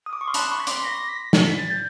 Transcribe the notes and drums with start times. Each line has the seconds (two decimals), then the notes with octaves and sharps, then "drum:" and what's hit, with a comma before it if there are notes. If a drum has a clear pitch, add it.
0.06 D#6
0.13 D6
0.21 C#6
0.28 C6 F6
0.34 A5 B5 F#6, drum: hi-hat
0.51 B5 C#6
0.60 B6
0.67 C6 D6, drum: hi-hat
0.84 A#6
1.09 B6
1.33 drum: snare
1.46 B6
1.57 A6
1.70 G6